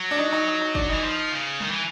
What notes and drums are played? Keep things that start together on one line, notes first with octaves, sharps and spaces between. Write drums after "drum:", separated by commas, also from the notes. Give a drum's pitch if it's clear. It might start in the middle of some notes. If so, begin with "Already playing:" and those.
Already playing: F#3
D4
D#4
D#4
D#4
D#4
D4, drum: kick
E3 D#4
F3
C#3
D#3, drum: tom G3
E3